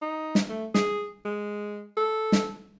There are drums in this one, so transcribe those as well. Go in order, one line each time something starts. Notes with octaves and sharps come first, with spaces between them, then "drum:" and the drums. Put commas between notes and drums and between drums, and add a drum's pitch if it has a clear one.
D#4
drum: snare
A3
G#4, drum: snare
G#3
A4
drum: snare